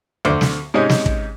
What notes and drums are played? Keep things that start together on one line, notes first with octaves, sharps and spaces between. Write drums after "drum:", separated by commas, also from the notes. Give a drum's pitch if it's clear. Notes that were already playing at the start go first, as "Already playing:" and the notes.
D2 D3 C5 C6 D6, drum: tom E2
drum: snare
G#2 C3 G#3 C#4 D#4
drum: snare
drum: kick